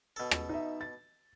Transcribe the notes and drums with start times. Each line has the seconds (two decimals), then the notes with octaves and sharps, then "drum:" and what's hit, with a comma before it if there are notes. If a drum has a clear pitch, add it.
0.16 B2 A4
0.31 drum: rim click
0.49 D#4 E5
0.81 A6